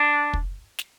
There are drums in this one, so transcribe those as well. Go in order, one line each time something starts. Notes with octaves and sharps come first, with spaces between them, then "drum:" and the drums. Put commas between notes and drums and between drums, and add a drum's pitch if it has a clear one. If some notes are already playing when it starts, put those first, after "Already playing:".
Already playing: D4
drum: kick
drum: snare